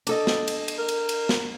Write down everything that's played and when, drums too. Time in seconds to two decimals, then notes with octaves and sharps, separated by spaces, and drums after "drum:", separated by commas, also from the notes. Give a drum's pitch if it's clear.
0.07 D4 A4 D#5, drum: cymbal
0.27 drum: snare
0.48 drum: cymbal
0.68 drum: cymbal
0.78 A#4
0.88 drum: cymbal
1.09 drum: cymbal
1.29 drum: snare